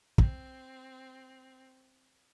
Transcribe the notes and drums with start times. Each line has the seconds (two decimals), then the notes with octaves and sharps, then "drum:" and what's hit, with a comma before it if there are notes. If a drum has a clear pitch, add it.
0.18 C4, drum: kick